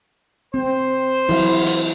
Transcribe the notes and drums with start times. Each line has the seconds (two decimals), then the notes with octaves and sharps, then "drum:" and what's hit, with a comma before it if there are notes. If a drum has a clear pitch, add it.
0.54 C4 C5
1.29 E3 F#3 E4, drum: cymbal
1.66 drum: hi-hat